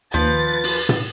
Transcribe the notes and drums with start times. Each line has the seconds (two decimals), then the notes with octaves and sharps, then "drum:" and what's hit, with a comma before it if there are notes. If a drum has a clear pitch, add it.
0.14 D#2 F3 B4 A6
0.64 drum: open hi-hat
0.89 drum: tom